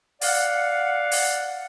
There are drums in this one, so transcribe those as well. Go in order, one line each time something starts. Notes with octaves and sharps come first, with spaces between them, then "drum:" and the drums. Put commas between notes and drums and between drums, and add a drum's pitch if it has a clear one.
D5 F5 F#5, drum: open hi-hat
drum: open hi-hat